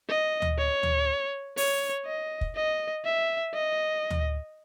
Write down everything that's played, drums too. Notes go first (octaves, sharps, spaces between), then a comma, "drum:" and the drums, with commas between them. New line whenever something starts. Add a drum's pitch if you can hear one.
D#5
drum: tom D2
C#5
drum: tom D2
C#5, drum: open hi-hat
D#5
drum: kick
D#5
E5
D#5
drum: tom D2